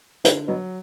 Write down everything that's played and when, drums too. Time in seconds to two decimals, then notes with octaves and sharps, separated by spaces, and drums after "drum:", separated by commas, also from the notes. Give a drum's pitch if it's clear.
0.25 G2 D3, drum: hi-hat
0.48 B2 F#3